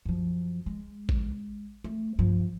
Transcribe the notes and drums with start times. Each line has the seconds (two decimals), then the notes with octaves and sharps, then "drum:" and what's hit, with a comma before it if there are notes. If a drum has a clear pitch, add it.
0.05 F#2 F3
0.66 G#3
1.09 drum: kick A1
1.84 A3
2.19 G2 F3